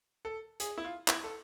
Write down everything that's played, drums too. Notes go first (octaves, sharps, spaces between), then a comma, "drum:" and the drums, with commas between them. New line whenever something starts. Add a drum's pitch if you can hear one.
A4
G#4, drum: hi-hat
E4
F4
E4, drum: clap
A4